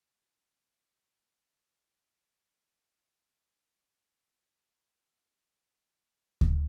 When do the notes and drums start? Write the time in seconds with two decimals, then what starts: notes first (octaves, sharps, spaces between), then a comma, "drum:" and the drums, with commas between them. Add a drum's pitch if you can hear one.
0.15 C#5
0.46 D#6
1.15 F#5
1.66 C#5
2.61 E6 A#6
3.00 A#3 F5 G6
3.99 F5 G#5 A5
4.51 G#4 A#4 B4 F#5
5.14 G#5
5.59 F4 G5
6.41 drum: kick D2